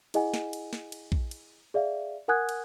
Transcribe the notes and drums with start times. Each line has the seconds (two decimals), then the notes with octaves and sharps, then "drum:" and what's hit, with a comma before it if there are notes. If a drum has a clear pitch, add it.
0.14 E4 G#4 D#5 F#5 G#5, drum: cymbal
0.34 drum: snare
0.53 drum: cymbal
0.73 drum: snare
0.92 drum: cymbal
1.12 drum: kick A#1
1.31 drum: cymbal
1.74 G#4 D5 E5 F5
2.28 A#4 F#5 G#5 D#6 F#6 G#6
2.49 drum: cymbal